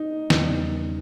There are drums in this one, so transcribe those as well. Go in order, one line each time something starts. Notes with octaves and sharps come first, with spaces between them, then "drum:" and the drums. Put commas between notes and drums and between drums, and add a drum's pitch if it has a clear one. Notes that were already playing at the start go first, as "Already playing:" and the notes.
Already playing: D#4
E2 C#3 G3 B3, drum: snare